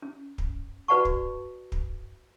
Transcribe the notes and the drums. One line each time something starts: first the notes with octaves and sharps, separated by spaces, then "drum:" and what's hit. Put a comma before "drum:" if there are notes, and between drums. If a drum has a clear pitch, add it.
C#4
drum: kick
F#4 B4 D5 F#5 A5 C#6
drum: kick
drum: kick